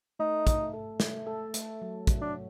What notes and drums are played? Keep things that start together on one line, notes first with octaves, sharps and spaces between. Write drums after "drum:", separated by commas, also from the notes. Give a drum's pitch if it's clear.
A3 D#4
A3, drum: kick, hi-hat
A4
A3, drum: snare
A4
A3, drum: hi-hat
F#3
F#3, drum: kick, hi-hat
D4